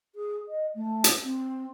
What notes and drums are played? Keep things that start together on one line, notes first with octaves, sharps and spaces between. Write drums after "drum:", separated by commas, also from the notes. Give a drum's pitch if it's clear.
G#4
D#5
A3
drum: hi-hat
C4